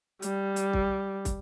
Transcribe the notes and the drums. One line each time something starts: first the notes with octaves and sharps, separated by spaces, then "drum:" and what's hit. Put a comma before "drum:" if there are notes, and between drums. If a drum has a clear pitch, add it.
G3, drum: hi-hat
drum: hi-hat
drum: kick
drum: kick, hi-hat